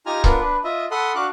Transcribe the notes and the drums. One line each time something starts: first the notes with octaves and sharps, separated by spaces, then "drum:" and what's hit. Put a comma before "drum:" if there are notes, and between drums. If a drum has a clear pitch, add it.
D#4 F4 G4 G#5 A#5 F6
B3 D4 F4 A#4, drum: kick C#1
D4 B4
F4 D#5 E5
A4 F#5 B5 C6 D#6
D4 F#4 F5 D6 F#6